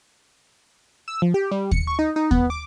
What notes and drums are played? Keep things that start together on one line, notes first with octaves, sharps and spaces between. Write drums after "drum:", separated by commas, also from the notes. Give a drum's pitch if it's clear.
E6
F3
G4
G3
C#7, drum: kick D#2
C#6
D#4
D#4
B3, drum: kick D#2
D6